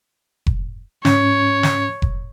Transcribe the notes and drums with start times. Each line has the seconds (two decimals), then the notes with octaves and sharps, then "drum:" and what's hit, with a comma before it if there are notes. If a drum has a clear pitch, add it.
0.47 drum: kick F1
1.05 G#2 C#4 C#5, drum: snare
1.63 drum: snare
2.02 drum: kick F1